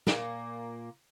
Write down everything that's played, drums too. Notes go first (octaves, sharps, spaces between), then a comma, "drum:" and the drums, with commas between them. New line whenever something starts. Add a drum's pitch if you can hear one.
A#2 A#3, drum: snare